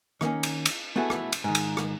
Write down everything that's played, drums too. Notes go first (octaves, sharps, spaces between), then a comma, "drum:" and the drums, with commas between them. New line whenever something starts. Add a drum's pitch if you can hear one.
D#3 A#3 C#4, drum: rim click
drum: cymbal
drum: cymbal
A3 B3 E4 F#4 G#4 A4
drum: rim click
drum: cymbal
G#2 D#3
drum: cymbal
drum: rim click